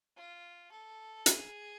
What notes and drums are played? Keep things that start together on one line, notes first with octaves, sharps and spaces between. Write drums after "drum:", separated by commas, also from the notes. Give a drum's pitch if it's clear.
F4
A4
G#4, drum: hi-hat